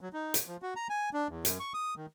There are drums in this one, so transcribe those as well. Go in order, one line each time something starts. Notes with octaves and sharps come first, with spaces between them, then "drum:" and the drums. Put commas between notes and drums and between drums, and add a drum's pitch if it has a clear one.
F#3
D#4
drum: hi-hat
F3
F#4
A#5
G#5
D4
E2
F#2, drum: hi-hat
C#6
D#6
D#3